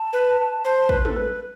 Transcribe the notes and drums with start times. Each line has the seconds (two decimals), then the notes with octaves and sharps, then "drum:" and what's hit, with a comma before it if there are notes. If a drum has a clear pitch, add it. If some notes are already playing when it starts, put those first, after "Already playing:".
Already playing: A5
0.13 B4
0.65 C5
0.89 B4, drum: kick
1.05 A4, drum: tom
1.16 B4